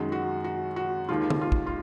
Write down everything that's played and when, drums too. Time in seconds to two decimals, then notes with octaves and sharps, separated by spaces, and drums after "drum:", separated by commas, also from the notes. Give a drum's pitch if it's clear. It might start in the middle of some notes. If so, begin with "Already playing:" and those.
Already playing: F#2 D#3 G#3 F#4
0.12 F#4
0.44 F#4
0.76 F#4
1.09 D#2 D#3 G#3 F4
1.30 drum: tom
1.41 F4
1.52 drum: kick
1.66 F4